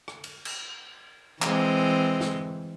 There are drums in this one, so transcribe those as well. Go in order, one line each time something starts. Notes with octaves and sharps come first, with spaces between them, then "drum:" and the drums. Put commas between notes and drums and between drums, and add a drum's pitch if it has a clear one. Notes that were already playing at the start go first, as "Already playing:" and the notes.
drum: rim click
drum: cymbal
drum: cymbal
E3 G#3 C4, drum: clap
drum: snare